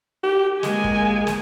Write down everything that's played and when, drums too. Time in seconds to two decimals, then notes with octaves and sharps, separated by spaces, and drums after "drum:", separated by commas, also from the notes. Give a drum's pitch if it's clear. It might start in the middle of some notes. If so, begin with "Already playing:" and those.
0.24 G4
0.63 G#3 A#3 G#5, drum: snare
0.84 drum: kick
1.27 drum: snare